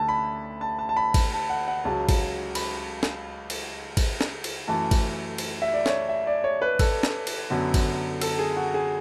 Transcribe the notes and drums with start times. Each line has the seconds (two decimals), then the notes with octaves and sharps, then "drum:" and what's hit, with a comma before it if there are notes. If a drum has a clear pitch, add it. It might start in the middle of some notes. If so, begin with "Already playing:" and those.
Already playing: D2 D3 A5
0.09 B5
0.61 A5
0.79 A5
0.89 A5
0.97 B5
1.14 drum: kick G#1, cymbal
1.32 A5
1.50 F#5
1.68 F#5
1.85 C#2 C#3 F#3 A5
2.09 drum: kick G#1, cymbal
2.55 B5, drum: cymbal
3.03 drum: snare
3.50 drum: cymbal
3.97 drum: kick G#1, cymbal
4.21 drum: snare
4.44 drum: cymbal
4.67 F#2 E3 A3 A5
4.91 drum: kick G#1, cymbal
5.38 drum: cymbal
5.62 E5
5.74 D5
5.86 C#5, drum: snare
6.09 E5
6.27 D5
6.44 C#5
6.62 B4
6.79 A4, drum: kick G#1, cymbal
7.03 drum: snare
7.27 drum: cymbal
7.50 F#2 D3 F#3 B3
7.74 drum: kick G#1, cymbal
8.21 A4, drum: cymbal
8.39 G#4
8.57 F#4
8.74 G#4